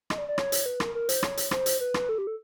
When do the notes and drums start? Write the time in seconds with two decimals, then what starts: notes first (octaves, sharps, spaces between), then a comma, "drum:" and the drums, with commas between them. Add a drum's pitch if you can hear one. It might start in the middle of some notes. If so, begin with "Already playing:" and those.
0.10 D#5, drum: rim click
0.18 D5
0.28 D5
0.38 C#5, drum: rim click
0.52 drum: hi-hat
0.66 B4
0.80 A#4, drum: rim click
0.95 A#4
1.09 C5, drum: hi-hat
1.23 C#5, drum: rim click
1.37 drum: hi-hat
1.51 C5, drum: rim click
1.66 drum: hi-hat
1.80 B4
1.94 drum: rim click
2.09 A4
2.18 G4
2.27 A4